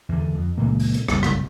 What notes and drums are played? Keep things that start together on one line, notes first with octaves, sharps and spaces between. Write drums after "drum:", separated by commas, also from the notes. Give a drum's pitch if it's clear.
E2 D3
F2
C#2 A#2 E3 A#3
drum: open hi-hat
drum: hi-hat
F#1 C2 G2, drum: rim click
drum: rim click